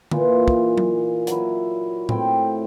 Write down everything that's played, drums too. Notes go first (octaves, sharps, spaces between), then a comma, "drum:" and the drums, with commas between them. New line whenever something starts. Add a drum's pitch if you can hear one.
A#2 E3 F4, drum: tom D3
drum: kick
drum: tom F#3
F#3 E4, drum: hi-hat
A2 C4 E4 G5, drum: tom A2